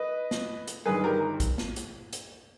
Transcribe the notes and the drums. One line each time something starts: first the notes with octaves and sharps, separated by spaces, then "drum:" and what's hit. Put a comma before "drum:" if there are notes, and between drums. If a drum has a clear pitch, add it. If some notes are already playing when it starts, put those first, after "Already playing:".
Already playing: B4 D#5
drum: snare
drum: hi-hat
G1 G2 D#3 G#4 B4
G4 A#4
drum: kick, hi-hat
drum: snare
drum: hi-hat
drum: hi-hat